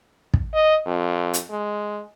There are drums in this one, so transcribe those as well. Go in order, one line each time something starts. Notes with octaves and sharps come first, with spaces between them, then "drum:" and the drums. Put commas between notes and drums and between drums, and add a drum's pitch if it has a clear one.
drum: kick
D#5
F2
drum: hi-hat
G#3